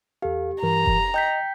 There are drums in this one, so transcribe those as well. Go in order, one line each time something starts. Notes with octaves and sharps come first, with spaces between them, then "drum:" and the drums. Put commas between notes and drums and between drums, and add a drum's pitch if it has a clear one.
E2 G4 A4 F5
G2 E3 A#4 A#5
drum: kick F1
D#5 G5 G6 B6